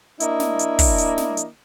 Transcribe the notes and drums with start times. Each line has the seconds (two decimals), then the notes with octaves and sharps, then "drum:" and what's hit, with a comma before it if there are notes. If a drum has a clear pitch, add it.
0.20 A#3 D4 E4 D#5, drum: hi-hat
0.40 drum: snare
0.59 drum: hi-hat
0.79 drum: kick, open hi-hat
0.98 drum: hi-hat
1.18 drum: snare
1.37 drum: hi-hat